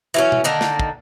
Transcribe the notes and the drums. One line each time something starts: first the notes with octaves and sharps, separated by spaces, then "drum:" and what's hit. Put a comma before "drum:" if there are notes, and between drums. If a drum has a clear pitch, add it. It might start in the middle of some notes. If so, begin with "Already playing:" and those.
E3 F#3 C#4
drum: tom B2
D3 D#3 A#3
drum: snare
drum: kick